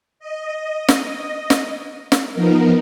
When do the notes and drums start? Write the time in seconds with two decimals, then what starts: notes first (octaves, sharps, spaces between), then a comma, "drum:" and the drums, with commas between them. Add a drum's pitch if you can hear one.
0.19 D#5
0.88 drum: snare
1.50 drum: snare
2.12 drum: snare
2.32 F3 B3 D#4 A#4